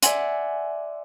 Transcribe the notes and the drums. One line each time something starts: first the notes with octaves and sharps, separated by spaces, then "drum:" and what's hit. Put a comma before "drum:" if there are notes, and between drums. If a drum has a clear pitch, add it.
D5 E5 F#5 G#5 C6, drum: hi-hat